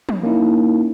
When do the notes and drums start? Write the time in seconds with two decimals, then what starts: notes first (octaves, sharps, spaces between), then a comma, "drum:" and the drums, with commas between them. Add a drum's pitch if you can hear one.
0.09 drum: tom
0.23 A#3 C#4 D#4 E4